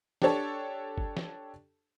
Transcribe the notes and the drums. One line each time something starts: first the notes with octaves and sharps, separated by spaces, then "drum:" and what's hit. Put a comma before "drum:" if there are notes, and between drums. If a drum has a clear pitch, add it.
D4 G4 A4 C#5 A5, drum: snare
drum: kick G1
drum: snare